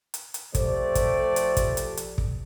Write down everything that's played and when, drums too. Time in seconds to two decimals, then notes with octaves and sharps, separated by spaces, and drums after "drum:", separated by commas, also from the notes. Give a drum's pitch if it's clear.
0.14 drum: hi-hat
0.34 drum: hi-hat
0.55 F3 A3 G4 A4 C5 D5, drum: kick, hi-hat
0.95 drum: kick, hi-hat
1.36 drum: hi-hat
1.57 drum: kick, hi-hat
1.77 drum: hi-hat
1.97 drum: hi-hat
2.18 drum: kick